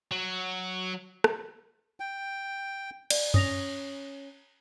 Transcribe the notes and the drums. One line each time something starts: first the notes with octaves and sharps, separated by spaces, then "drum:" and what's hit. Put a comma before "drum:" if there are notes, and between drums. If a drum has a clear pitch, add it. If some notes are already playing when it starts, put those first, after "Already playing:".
F#3
drum: rim click
G5
D5, drum: cymbal
C#4 D#6 A#6 F7, drum: tom F#2